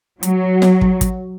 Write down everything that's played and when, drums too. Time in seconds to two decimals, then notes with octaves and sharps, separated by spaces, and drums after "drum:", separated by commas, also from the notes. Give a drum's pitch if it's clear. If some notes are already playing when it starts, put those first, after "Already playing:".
0.23 F#3, drum: hi-hat
0.62 drum: snare
0.81 drum: kick
1.01 drum: kick, hi-hat